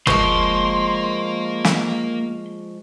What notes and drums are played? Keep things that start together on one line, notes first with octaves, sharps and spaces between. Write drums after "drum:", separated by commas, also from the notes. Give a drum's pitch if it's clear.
F3 G#3 A#3 C6 C#6, drum: tom
drum: snare